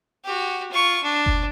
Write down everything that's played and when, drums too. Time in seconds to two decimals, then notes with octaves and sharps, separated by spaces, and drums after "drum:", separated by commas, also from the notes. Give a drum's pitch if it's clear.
0.25 F#4 G4
0.72 F4 C#6
1.03 D4
1.26 drum: kick F#1